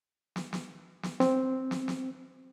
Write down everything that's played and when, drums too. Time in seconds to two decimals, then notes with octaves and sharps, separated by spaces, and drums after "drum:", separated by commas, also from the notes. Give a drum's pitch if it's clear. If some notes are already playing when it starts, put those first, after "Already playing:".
0.36 drum: snare
0.53 drum: snare
1.03 drum: snare
1.20 C4, drum: snare
1.71 drum: snare
1.88 drum: snare